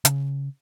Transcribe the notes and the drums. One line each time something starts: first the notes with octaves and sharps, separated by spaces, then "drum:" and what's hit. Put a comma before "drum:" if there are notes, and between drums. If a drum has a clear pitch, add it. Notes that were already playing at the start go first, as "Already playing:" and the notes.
C#3, drum: hi-hat